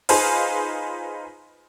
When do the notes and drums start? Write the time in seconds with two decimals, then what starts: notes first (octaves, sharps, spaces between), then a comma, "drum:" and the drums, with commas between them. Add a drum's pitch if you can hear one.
0.09 D#4 F4 G#4 B4 C5 F5, drum: cymbal